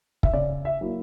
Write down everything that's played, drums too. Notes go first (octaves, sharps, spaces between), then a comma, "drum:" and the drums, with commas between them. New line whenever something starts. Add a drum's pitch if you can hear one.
E5, drum: kick
C#3 D5
E5
F#3 A#3 E4